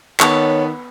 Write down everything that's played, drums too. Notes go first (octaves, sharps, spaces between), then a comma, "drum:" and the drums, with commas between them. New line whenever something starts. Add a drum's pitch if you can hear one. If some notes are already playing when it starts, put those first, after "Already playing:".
D#3 B3 C#5 A5, drum: clap